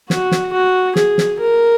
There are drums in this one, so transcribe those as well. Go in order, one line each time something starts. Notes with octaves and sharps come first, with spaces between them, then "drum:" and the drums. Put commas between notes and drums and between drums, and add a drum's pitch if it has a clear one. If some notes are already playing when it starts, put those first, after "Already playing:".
F#4, drum: snare
drum: snare
F#4
G#4, drum: snare
drum: snare
A#4